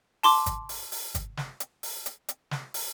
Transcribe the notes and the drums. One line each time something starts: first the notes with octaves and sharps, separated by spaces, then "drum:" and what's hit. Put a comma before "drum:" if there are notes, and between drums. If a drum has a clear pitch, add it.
A5 C6 D6, drum: open hi-hat
drum: kick G1, hi-hat
drum: open hi-hat
drum: open hi-hat
drum: kick G1, hi-hat
drum: snare
drum: hi-hat
drum: open hi-hat
drum: hi-hat
drum: hi-hat
drum: snare
drum: open hi-hat